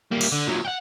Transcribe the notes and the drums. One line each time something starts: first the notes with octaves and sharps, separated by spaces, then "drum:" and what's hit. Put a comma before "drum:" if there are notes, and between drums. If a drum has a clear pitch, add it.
G3 A#3
drum: cymbal
D3
A#2 F#3
F#5 G5